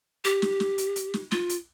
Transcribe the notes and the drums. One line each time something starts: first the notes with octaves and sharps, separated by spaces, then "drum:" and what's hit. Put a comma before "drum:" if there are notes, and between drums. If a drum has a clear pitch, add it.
G4, drum: hi-hat
drum: snare
drum: snare
drum: hi-hat
drum: hi-hat
drum: snare
F4, drum: snare
drum: hi-hat